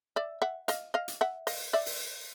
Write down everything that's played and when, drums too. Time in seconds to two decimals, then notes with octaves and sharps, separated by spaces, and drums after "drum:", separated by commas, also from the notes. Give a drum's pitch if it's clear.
0.16 D5 E5
0.42 E5 F#5
0.68 D#5 F5, drum: hi-hat
0.94 D#5 F5
1.08 drum: hi-hat
1.21 E5 F#5
1.47 D#5 F5, drum: open hi-hat
1.73 D5 E5
1.86 drum: open hi-hat